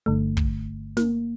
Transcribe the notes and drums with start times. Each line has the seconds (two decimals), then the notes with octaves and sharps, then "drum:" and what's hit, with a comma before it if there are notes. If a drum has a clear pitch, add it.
0.06 G1 G2 D3 A3
0.37 drum: kick
0.97 A#3, drum: snare